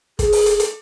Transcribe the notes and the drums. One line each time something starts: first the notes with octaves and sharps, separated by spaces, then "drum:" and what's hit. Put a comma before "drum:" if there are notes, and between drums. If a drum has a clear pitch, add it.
G#4, drum: kick, hi-hat
drum: open hi-hat
drum: hi-hat
drum: hi-hat